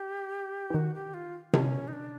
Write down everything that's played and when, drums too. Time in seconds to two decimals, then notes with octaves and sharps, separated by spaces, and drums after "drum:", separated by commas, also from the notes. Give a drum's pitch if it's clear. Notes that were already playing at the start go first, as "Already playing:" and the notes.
Already playing: G4
0.70 E3
0.74 D#3 F#4
0.94 G4
1.14 F4
1.53 C#4, drum: tom C3
1.88 D#4
1.93 D4